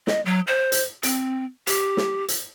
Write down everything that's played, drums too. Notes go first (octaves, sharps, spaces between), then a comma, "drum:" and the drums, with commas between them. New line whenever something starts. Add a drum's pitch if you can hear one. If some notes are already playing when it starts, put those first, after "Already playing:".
D#5, drum: snare
F#3
C5
drum: hi-hat
C4, drum: hi-hat
G4, drum: hi-hat
drum: snare
drum: hi-hat